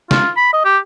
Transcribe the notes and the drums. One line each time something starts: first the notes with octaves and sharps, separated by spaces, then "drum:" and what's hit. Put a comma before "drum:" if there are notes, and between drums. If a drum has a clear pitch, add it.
F4, drum: snare
B5
D#5
G4